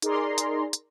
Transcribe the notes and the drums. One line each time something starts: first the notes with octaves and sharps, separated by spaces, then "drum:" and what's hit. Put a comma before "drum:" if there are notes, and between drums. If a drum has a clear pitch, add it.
D#4 G#4 A#4 D5 A#5 C6, drum: hi-hat
drum: hi-hat
drum: hi-hat